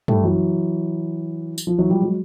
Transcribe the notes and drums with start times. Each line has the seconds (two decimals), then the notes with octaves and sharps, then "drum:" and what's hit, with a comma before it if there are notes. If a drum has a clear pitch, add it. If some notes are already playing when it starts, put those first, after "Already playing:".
0.08 G3 A3, drum: tom
0.24 E3 F#3
1.58 drum: tambourine
1.67 F3
1.78 E3 F#3
1.90 F3 G3
2.02 F#3 G#3